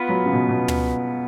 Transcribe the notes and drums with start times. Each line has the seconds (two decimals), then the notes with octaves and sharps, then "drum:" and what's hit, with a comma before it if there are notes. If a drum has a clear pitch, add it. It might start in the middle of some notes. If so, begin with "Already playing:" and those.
Already playing: B3 F4 B4
0.09 F#3
0.26 C#3
0.33 B2
0.49 B2
0.68 drum: tom